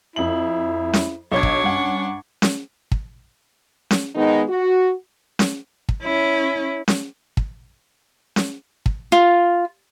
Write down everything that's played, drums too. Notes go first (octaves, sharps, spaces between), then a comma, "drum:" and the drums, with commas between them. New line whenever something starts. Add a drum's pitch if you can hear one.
F2 E4 F#7
drum: snare C#4
B1 D4 C#5 C#6 G#6
drum: kick
G2 C#4 F#5
drum: snare C#4
drum: kick
drum: snare C#4
D#3 G#3 B3 D#4
F#4
drum: snare C#4
drum: kick
C#4 E4
drum: snare C#4
drum: kick
drum: snare C#4
drum: kick
F4